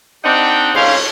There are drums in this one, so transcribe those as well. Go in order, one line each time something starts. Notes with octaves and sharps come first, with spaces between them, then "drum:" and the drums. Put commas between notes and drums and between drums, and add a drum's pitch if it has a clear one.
C4 D4 D#4 G4 F#5 G5
G#2 C#4 C5 F5, drum: cymbal